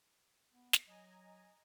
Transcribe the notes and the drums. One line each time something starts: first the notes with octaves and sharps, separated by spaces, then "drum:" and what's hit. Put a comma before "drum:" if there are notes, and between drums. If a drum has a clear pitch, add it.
B3
drum: snare
F#3 D#5 G#5 A#5